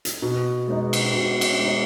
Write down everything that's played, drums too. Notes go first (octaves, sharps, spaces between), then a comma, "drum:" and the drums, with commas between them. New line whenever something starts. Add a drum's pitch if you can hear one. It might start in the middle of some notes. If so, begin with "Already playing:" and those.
drum: hi-hat
B2
G#3 B3 D#4
drum: cymbal
B2
drum: cymbal
G#3 B3 D#4